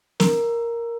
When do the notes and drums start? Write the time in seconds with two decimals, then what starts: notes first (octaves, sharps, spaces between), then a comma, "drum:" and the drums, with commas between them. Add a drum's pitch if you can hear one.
0.20 A#4, drum: snare